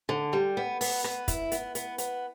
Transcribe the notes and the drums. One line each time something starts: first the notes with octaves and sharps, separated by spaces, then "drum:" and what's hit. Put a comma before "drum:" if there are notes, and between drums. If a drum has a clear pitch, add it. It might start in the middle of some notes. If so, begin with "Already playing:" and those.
D3
G3
B3
B3, drum: open hi-hat
B3, drum: rim click
E4, drum: kick, hi-hat
B3, drum: hi-hat
B3, drum: hi-hat
B3, drum: hi-hat